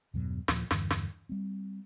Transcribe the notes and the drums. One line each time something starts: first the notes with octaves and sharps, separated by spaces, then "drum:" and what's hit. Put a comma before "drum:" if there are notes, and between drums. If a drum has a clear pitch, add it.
E2 G2 B2 F#3
D#2 A#2 F3, drum: snare
E2 G2 D3 E3, drum: snare
drum: snare
G3 C4